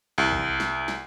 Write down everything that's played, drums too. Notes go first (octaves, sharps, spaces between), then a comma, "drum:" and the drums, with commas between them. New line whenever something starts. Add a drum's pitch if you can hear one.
C2
drum: kick
drum: snare
drum: snare